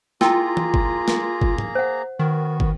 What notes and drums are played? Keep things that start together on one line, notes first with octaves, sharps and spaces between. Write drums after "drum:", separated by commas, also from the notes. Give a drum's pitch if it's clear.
A#3 E4 F4 G#4 G5 A#5 E6, drum: snare
drum: tom E3
drum: kick
drum: snare
drum: kick
drum: tom G#2
C5 F#5
D#3 B3 F#4
drum: kick